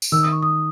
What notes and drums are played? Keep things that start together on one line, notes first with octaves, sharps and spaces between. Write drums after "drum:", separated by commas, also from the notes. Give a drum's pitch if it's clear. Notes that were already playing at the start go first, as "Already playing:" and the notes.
drum: tambourine
D#3 E6
D#6
C#6
D#6